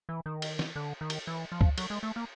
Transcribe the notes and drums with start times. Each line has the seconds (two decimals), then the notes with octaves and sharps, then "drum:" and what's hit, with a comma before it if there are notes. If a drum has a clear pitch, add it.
0.09 E3
0.26 D#3
0.42 drum: cymbal
0.59 drum: snare
0.76 D3
1.01 D#3
1.10 drum: cymbal
1.27 E3
1.52 F3
1.61 drum: kick C#2
1.78 F#3, drum: cymbal
1.90 G#3
2.03 A3
2.16 A#3